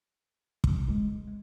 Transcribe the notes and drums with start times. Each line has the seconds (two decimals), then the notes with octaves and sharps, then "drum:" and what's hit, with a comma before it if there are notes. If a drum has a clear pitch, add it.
0.64 drum: kick
0.88 G#3